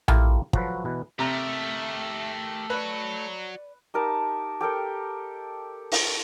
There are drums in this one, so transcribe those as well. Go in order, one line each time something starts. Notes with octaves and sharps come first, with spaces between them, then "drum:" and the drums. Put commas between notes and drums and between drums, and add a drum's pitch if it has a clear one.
A3 E4 F4 G4 A#4, drum: tom A#1
F3 F#3 F#4 A4 B4, drum: kick
B2 E3 B4
C3 A3 G4 A#4 E5 A#5
F#4 B4 C#5 D5
D#4 G4 A#4 A5
G4 A4 A#4 G5
drum: open hi-hat